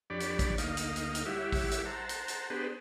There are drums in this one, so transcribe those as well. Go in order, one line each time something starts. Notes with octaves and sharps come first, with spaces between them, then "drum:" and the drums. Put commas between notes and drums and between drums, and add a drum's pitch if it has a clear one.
F2 D4 G4 C#5 D5 B5
drum: hi-hat
drum: kick A1, hi-hat
D2 A#3 D#4 D#5 F5, drum: hi-hat
drum: hi-hat
drum: hi-hat
drum: hi-hat
G3 E4 G4 C#5 E5 F#5
drum: kick A1, open hi-hat
drum: hi-hat
C5 F#5 A5 A#5
drum: hi-hat
drum: hi-hat
B3 D4 G4 G#4 B4 C5